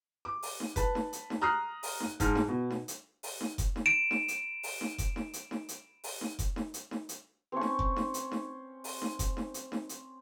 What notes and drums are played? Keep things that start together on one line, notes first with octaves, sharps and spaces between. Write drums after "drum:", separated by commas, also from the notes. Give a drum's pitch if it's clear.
D6
drum: open hi-hat
drum: snare D#4
B4 A5, drum: kick F1, hi-hat
drum: snare D#4
drum: hi-hat
drum: snare D#4
A#5 D#6 F6 F#6 C7
drum: open hi-hat
drum: snare D#4
G#2 G#3 A5 F6, drum: kick F1, hi-hat
drum: snare D#4
B2
drum: snare D#4
drum: hi-hat
drum: open hi-hat
drum: snare D#4
drum: kick F1, hi-hat
drum: snare D#4
D7 E7
drum: snare D#4
drum: hi-hat
drum: open hi-hat
drum: snare D#4
drum: kick F1, hi-hat
drum: snare D#4
drum: hi-hat
drum: snare D#4
drum: hi-hat
drum: open hi-hat
drum: snare D#4
drum: kick F1, hi-hat
drum: snare D#4
drum: hi-hat
drum: snare D#4
drum: hi-hat
C4 C#4 C#6
drum: snare D#4
drum: kick F1
drum: snare D#4
drum: hi-hat
drum: snare D#4
drum: open hi-hat
drum: snare D#4
drum: kick F1, hi-hat
drum: snare D#4
drum: hi-hat
drum: snare D#4
drum: hi-hat